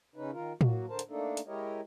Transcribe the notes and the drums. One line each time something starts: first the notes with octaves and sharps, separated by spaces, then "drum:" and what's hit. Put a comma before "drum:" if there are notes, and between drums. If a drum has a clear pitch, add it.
C#3 C#4 D#4 B4
D#3 F4 A#4
F#3 A#3 F#4, drum: tom A2
D3 A#4 C5 A5
drum: hi-hat
A3 A#3 D4 D#4 A4
drum: hi-hat
G#3 E4 G4 A#4 C#5 D#5